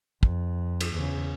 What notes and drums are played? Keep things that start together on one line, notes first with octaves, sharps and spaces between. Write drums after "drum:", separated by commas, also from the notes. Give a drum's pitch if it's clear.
F2, drum: kick
drum: cymbal
E2 C#3